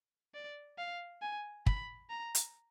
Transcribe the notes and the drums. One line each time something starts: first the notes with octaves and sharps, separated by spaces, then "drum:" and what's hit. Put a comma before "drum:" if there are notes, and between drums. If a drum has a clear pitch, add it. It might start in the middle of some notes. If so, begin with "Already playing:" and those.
D5
F5
G#5
B5, drum: kick
A#5
drum: hi-hat